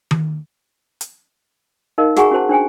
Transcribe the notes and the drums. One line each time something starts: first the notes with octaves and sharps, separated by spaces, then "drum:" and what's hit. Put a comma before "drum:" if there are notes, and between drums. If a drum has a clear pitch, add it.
drum: tom D#3
drum: hi-hat
D#4 A#4 D#5 F5
F#4 G#4 F#5 G#5 A#5 C#6, drum: snare
C#4 F#4 C5 A5
D4 C5 G5 G#5